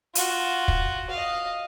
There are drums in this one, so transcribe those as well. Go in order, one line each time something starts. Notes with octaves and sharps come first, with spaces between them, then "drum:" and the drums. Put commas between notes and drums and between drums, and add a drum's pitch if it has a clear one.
F4 F#4, drum: hi-hat
drum: kick
D#5 F5